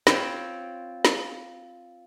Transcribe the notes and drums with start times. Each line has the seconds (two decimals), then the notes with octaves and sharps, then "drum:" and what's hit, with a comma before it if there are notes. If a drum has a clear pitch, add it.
0.07 C4 F4 C#5 G5 B5, drum: snare
1.05 drum: snare